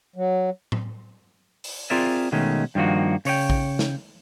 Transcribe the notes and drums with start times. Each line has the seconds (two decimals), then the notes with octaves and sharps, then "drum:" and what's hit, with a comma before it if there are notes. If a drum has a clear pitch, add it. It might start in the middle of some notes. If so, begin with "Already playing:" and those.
0.16 F#3
0.72 drum: tom A2
1.64 drum: open hi-hat
1.90 C4 F4 G#4 A#4 D5 E5
2.32 B2 D#3 G#3 A3 C#4
2.75 G2 D#3 F3 A#3 F#4
3.25 C#3 C#5 D5 G5, drum: open hi-hat
3.50 drum: kick
3.79 drum: snare